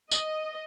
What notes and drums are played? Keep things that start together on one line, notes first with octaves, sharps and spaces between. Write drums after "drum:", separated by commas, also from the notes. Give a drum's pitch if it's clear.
D#5, drum: tambourine